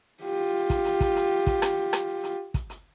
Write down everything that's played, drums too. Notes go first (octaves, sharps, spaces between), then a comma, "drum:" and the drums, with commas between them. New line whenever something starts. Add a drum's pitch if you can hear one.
F4 G4
drum: kick, hi-hat
drum: hi-hat
drum: kick, hi-hat
drum: hi-hat
drum: kick, hi-hat
drum: rim click
drum: rim click
drum: hi-hat
drum: kick, hi-hat
drum: hi-hat